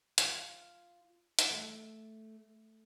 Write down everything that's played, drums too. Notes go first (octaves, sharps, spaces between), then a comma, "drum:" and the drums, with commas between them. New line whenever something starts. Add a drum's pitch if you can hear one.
F4, drum: hi-hat
drum: hi-hat
A3